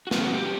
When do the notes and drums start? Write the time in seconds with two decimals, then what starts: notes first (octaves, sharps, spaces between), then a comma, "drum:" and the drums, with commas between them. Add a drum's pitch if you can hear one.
0.07 F#4
0.11 B2 G3 C4 F4, drum: snare
0.22 F#4
0.34 G4
0.45 C#4